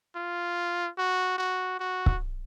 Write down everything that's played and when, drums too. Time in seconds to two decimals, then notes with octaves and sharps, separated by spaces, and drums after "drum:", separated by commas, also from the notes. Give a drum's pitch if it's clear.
0.16 F4
0.98 F#4
1.38 F#4
1.79 F#4
2.06 drum: kick C#1